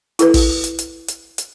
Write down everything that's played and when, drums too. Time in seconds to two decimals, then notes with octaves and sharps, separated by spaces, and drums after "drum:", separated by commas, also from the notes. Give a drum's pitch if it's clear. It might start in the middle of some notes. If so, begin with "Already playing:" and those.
0.19 E4 A4 B4, drum: hi-hat
0.34 drum: kick, open hi-hat
0.64 drum: hi-hat
0.79 drum: hi-hat
1.08 drum: hi-hat
1.38 drum: hi-hat